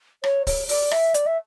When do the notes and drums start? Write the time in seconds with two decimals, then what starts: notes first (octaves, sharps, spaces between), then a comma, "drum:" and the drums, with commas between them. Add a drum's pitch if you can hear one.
0.24 C#5, drum: rim click
0.47 C#5, drum: kick D1, open hi-hat
0.69 D5, drum: open hi-hat
0.91 E5, drum: rim click
1.14 D5, drum: hi-hat
1.26 E5